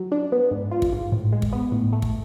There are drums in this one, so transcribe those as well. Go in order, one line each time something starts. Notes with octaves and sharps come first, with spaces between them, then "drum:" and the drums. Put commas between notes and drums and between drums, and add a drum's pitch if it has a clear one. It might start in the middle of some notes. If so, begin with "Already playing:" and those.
Already playing: F#3
D4
B3
G#2
F4
drum: kick
G#2
A2
G#3
drum: kick
B3
A2
A3
drum: kick